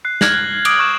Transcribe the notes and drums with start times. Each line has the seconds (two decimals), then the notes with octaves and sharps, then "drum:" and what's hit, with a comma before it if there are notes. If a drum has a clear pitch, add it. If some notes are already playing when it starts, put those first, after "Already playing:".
0.05 F#6 C7
0.21 F6 F#6 G#6 A#6 F#7, drum: snare
0.34 F#6
0.65 D6 D#6 D7 F#7, drum: cymbal
0.79 C#6 F#6 E7